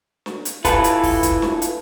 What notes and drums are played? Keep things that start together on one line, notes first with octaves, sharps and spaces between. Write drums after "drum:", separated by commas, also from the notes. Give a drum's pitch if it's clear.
drum: snare
drum: hi-hat
E4 F4 A4 B4, drum: kick, hi-hat
drum: hi-hat
drum: kick, open hi-hat
drum: kick, hi-hat
drum: snare
drum: hi-hat